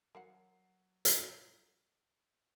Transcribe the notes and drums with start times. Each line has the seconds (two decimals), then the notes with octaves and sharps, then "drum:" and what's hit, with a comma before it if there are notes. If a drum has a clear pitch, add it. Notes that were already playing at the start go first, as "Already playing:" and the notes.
0.15 F#3 A#4 C5 F#5 C7
1.05 drum: hi-hat